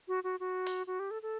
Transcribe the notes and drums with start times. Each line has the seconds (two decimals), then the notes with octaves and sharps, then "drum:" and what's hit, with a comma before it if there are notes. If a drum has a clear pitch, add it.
0.08 F#4
0.24 F#4
0.40 F#4
0.67 drum: open hi-hat
0.87 F#4
1.00 G4
1.11 A4
1.22 A4